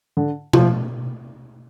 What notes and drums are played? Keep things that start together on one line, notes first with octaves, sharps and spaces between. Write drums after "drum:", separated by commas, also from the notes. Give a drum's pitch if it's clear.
D3
F3, drum: tom B2